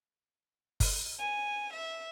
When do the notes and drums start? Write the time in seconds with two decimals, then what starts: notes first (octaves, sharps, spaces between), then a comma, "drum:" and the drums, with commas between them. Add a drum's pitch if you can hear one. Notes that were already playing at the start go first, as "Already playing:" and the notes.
0.80 drum: kick G1, open hi-hat
1.19 G#5
1.72 E5